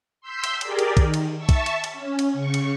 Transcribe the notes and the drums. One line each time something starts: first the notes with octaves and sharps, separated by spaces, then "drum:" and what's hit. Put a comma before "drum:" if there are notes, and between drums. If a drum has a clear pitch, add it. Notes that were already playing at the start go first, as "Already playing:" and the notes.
C6 E6 G6 B6
drum: cymbal
G4 G#4 A#4 D5, drum: cymbal
drum: cymbal
D#3, drum: kick, cymbal
drum: cymbal
E5 A5 C#6 E6
drum: kick, cymbal
drum: cymbal
drum: cymbal
C#4
drum: cymbal
C#3 C#6
drum: cymbal